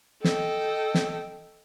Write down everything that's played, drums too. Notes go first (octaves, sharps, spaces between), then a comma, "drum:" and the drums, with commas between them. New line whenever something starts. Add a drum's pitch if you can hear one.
A4 D#5 G5, drum: snare
drum: snare